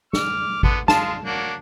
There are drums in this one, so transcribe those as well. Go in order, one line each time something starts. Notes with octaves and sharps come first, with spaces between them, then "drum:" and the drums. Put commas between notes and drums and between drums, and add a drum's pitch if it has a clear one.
D6 F6, drum: snare
D3 B3, drum: kick G#1
G#3 F4 A5 E7, drum: snare
F#3 A#3 D4